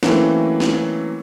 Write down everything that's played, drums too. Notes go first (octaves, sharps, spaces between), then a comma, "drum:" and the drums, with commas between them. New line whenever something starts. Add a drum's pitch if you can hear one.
E3 F#3 A3 A#3 C4 C#4, drum: snare
drum: snare